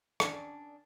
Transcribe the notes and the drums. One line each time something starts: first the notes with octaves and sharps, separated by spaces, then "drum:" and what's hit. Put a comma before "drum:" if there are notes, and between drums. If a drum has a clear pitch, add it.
D#3 E3 C#4 D4 D5, drum: rim click